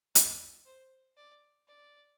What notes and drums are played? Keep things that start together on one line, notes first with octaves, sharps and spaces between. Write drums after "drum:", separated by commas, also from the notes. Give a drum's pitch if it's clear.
D5, drum: hi-hat
C5
D5
D5